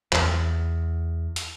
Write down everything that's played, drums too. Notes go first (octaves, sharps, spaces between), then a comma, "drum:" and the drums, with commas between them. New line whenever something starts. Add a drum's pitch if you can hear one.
E2, drum: clap
drum: hi-hat